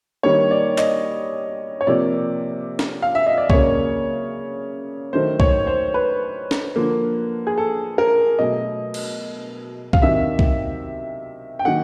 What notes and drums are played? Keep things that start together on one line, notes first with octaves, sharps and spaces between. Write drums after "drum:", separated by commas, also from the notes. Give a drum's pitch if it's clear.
D#3 G3 A#3 C#5
D5
D#5, drum: clap
C#5
C3 F3 A#3 D5
drum: snare
F5
E5
D#5
D5
C#3 F#3 A#3 C#5, drum: kick C2
D#3 F#3 A3 C5
C#5, drum: kick C2
C5
B4
drum: snare
D3 F3 A#3
G#4
A4
A#4
B2 F#3 A3 D#5
drum: cymbal
F5, drum: kick C2
C3 D#3 F#3 E5
drum: kick C2
G5
D#3 F#3 A#3 F#5